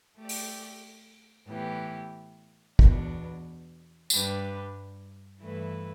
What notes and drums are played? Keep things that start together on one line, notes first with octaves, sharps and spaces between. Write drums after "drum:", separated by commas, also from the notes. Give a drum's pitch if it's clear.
A3 G4 D5
drum: open hi-hat
A2 E3 B3 G4
E2 B2 B3 D4, drum: kick
G2 G3 D4 G4 B4, drum: tambourine
G2 E3 A3 E4 B4